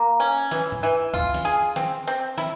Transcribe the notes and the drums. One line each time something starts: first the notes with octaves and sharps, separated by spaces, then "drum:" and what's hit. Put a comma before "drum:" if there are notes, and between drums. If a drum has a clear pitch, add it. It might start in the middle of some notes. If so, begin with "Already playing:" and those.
Already playing: A#3
C#4
E3, drum: snare
drum: tom
E3
F4, drum: kick
drum: snare
G#4
C4, drum: snare
C4
E4, drum: snare